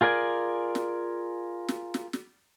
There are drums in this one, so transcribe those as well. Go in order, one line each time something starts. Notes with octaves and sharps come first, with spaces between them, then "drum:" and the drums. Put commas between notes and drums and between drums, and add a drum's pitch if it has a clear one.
F4 G#4 A#4 D5 G#5
drum: snare
drum: snare
drum: snare
drum: snare